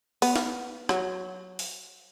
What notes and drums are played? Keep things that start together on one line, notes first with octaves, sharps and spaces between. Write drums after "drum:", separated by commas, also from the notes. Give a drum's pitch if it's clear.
B3, drum: open hi-hat
drum: snare
F#3, drum: rim click
drum: open hi-hat